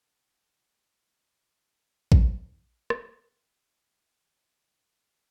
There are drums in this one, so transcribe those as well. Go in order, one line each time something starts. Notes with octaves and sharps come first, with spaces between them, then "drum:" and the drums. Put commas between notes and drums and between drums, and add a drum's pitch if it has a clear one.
D3 B3 D4 A4
drum: kick A#1
drum: rim click
G3 D4 B4